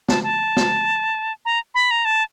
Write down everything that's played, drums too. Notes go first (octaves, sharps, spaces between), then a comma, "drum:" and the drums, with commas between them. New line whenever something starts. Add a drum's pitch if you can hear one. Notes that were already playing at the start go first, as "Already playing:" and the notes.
A5, drum: snare
A5
drum: snare
A#5
B5
A#5
A5